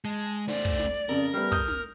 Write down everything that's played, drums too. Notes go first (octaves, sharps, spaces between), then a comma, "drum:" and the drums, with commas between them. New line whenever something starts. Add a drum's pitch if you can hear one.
G#3 A5
A3 C5 D5, drum: snare
drum: kick, hi-hat
drum: snare
drum: hi-hat
F2 C#3 A#4, drum: hi-hat
drum: hi-hat
G3 A3 B3 F6
D#6 G6, drum: kick, hi-hat
drum: snare